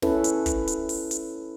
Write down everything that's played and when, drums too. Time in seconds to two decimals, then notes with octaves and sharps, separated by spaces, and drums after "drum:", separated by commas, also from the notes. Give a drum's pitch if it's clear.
0.02 C#4 E4 A4 B4, drum: snare
0.24 drum: hi-hat
0.46 drum: kick, hi-hat
0.67 drum: hi-hat
0.89 drum: open hi-hat
1.11 drum: hi-hat